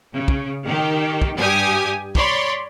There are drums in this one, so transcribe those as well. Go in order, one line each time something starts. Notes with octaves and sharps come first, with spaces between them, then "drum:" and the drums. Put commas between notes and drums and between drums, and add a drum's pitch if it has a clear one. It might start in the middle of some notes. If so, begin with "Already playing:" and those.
C#3
drum: kick
D#3 G4
drum: kick
G2 G4 G#5 D#6
C#5 D5 B5 C6, drum: kick